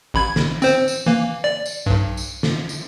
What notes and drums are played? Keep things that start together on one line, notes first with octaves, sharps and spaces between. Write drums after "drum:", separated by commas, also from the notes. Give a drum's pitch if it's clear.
A1 B5 G#6
drum: snare
C4 C5, drum: tambourine
drum: tambourine
E3 A#3
D5
drum: tambourine
B1 G2
drum: tambourine
drum: snare
drum: tambourine